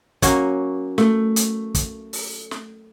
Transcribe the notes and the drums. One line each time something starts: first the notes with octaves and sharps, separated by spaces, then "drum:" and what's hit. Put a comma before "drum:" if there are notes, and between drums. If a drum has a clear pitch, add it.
F#3 A#3 C#4, drum: kick, hi-hat
A3, drum: snare
drum: hi-hat
drum: kick, hi-hat
drum: open hi-hat
drum: snare